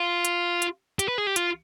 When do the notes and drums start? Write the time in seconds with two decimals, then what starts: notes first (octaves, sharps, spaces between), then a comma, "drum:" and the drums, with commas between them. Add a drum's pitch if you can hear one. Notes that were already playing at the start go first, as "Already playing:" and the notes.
Already playing: F4
0.25 drum: hi-hat
0.62 drum: hi-hat
0.99 G4, drum: hi-hat
1.08 B4
1.18 G#4
1.27 G4
1.36 F4, drum: hi-hat